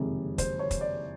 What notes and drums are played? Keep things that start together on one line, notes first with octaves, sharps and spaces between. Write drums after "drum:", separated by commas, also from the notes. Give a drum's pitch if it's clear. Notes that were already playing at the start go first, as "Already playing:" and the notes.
Already playing: F#1 F2 C3 D#3 G#3
C5, drum: kick, hi-hat
C#5
drum: kick, hi-hat
D5